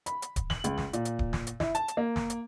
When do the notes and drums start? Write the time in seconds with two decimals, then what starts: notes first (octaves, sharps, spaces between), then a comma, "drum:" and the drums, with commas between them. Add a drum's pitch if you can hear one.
0.06 B5, drum: hi-hat
0.22 drum: hi-hat
0.36 drum: kick D1, hi-hat
0.50 F#7, drum: snare
0.64 C#2, drum: hi-hat
0.78 drum: snare
0.93 A#2, drum: hi-hat
1.05 drum: hi-hat
1.19 drum: kick D1
1.33 drum: snare
1.47 drum: hi-hat
1.60 E4, drum: snare
1.75 A5, drum: hi-hat
1.88 drum: hi-hat
1.97 A#3
2.16 drum: snare
2.30 drum: hi-hat